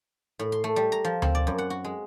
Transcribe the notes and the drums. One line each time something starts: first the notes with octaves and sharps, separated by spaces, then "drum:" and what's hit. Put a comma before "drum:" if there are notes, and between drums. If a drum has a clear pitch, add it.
A2
C6
A3
G3
A#5
F3
C4, drum: tom D2
D5
F#2
F#5
F#4
G#3